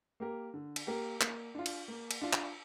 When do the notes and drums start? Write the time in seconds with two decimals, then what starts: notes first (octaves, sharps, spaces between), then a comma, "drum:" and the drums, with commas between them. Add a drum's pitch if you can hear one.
0.20 A#3 G4 A#4
0.54 D3
0.76 drum: cymbal
0.87 A#3 G4 A#4
1.21 A#3, drum: clap
1.55 D4 F4
1.66 drum: cymbal
1.88 A#3
2.11 drum: cymbal
2.22 D4 F4
2.33 drum: clap